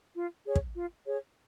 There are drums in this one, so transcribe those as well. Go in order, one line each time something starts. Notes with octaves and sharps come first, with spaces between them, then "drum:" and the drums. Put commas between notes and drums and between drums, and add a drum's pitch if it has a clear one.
F4
G#4 C#5
drum: kick
F4
G#4 C#5